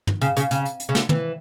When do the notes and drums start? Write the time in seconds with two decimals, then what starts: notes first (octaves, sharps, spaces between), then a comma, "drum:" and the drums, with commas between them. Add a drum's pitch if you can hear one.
0.07 drum: tom
0.22 C#3, drum: hi-hat
0.37 C#3, drum: hi-hat
0.51 C#3, drum: hi-hat
0.65 drum: hi-hat
0.80 drum: hi-hat
0.89 C#3
0.95 D3, drum: snare
1.09 E3, drum: tom